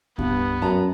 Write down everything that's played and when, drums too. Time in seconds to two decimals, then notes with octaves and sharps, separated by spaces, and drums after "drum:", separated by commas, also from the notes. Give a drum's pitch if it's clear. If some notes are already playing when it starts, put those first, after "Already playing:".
0.18 G2 B3, drum: kick C#2
0.62 F#2 A5 A#5